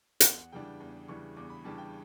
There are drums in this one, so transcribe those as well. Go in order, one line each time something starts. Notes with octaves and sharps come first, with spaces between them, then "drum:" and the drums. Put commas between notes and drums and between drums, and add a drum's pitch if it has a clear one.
G5, drum: hi-hat
E2 F#5
C#3 E3 G3 D4 G5
E2
C#3 E3 G3 D4 C#6
E2 D6
B5
C#3 E3 G3 D4 A5
G5